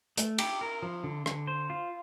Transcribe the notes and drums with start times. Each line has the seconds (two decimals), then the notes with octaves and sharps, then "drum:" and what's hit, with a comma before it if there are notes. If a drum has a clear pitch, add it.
0.17 A3, drum: hi-hat
0.38 G4, drum: cymbal
0.61 A#4
0.82 F3
1.04 D3
1.26 D3, drum: rim click
1.47 C5
1.70 F4